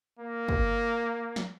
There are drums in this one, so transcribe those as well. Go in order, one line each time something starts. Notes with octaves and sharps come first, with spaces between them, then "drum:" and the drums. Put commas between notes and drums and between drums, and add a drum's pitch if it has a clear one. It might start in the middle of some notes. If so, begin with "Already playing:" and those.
A#3
drum: kick
drum: snare